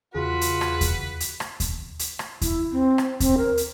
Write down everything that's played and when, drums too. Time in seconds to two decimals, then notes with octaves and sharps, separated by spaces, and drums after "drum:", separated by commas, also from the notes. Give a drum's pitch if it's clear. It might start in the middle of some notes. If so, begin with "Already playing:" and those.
0.15 E2 C#3 F4 F#4 G#4 B4
0.41 drum: hi-hat
0.61 drum: rim click
0.81 drum: kick D#2, hi-hat
1.20 drum: hi-hat
1.40 drum: rim click
1.60 drum: kick D#2, hi-hat
1.99 drum: hi-hat
2.19 drum: rim click
2.41 E4, drum: kick D#2, hi-hat
2.72 C4
2.98 drum: rim click
3.20 C4, drum: kick D#2, hi-hat
3.38 A#4
3.57 drum: hi-hat